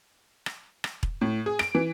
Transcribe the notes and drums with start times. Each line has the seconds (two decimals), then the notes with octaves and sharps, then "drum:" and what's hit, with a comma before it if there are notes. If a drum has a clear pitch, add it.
0.46 drum: rim click
0.84 drum: rim click
1.03 drum: kick E1
1.21 A2
1.46 G#4
1.59 D7, drum: rim click
1.75 E3